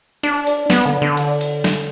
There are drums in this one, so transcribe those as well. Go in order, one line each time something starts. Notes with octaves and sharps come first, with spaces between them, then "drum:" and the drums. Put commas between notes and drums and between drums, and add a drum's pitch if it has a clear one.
D4, drum: cymbal
drum: cymbal
B3, drum: snare
D3
D3
drum: cymbal
drum: cymbal
drum: snare